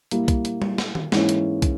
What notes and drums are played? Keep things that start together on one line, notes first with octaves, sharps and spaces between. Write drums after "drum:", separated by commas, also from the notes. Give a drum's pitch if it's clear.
A#2 G3 A#3 E4, drum: hi-hat
drum: kick, hi-hat
drum: hi-hat
drum: tom G3
drum: snare
drum: tom D#3
G#2 E3 A#3 C#4 E4, drum: snare
drum: hi-hat
drum: kick, hi-hat